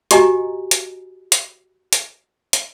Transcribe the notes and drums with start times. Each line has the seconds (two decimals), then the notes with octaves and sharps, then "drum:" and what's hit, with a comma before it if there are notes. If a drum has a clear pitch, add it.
0.11 F#4 G4 D#5 G#5 A#5, drum: hi-hat
0.71 drum: hi-hat
1.32 drum: hi-hat
1.93 drum: hi-hat
2.53 drum: hi-hat